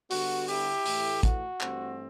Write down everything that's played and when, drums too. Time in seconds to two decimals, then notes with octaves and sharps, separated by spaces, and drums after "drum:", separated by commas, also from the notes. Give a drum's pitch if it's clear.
0.11 D3 G3 B3 F#4, drum: open hi-hat
0.48 E4 G4, drum: open hi-hat
0.86 A2 E3 A3, drum: open hi-hat
1.23 F#4, drum: kick, hi-hat
1.61 G2 E3 A3 C4, drum: clap